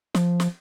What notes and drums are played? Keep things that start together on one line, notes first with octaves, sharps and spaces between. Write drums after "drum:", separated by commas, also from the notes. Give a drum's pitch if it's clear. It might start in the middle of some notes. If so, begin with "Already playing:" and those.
F3, drum: snare
drum: snare